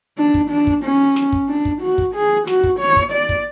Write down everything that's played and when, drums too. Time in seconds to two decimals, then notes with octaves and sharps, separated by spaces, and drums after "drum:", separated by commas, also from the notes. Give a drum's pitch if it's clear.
0.18 D4
0.34 drum: kick
0.50 D4
0.67 drum: kick
0.84 C#4
1.16 drum: snare
1.33 drum: kick
1.49 D4
1.65 drum: kick
1.82 F#4
1.98 drum: kick
2.14 G#4
2.47 F#4, drum: snare
2.64 drum: kick
2.80 C#5
2.96 drum: kick
3.12 D5
3.29 drum: kick